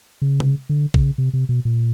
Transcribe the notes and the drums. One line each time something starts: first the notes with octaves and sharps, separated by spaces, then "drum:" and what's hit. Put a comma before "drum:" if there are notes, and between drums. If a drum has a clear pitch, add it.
C#3
drum: tom C3
D3
C#3, drum: kick
C3
C3
B2
A#2